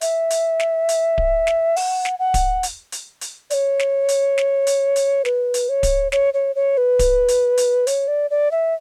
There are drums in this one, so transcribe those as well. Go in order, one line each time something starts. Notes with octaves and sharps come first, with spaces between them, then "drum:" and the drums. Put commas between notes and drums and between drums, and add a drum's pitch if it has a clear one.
E5, drum: hi-hat
drum: hi-hat
drum: snare
drum: hi-hat
drum: kick D1
drum: snare
F#5, drum: open hi-hat
drum: snare
F#5
drum: kick D1, hi-hat
drum: hi-hat
drum: hi-hat
drum: hi-hat
D5, drum: hi-hat
C#5
drum: snare
drum: hi-hat
drum: snare
drum: hi-hat
drum: hi-hat
B4, drum: snare
drum: hi-hat
C#5
drum: kick D1, hi-hat
C#5, drum: snare
C#5
C#5
B4
drum: kick D1, hi-hat
drum: hi-hat
drum: hi-hat
C#5, drum: hi-hat
D5
D5
E5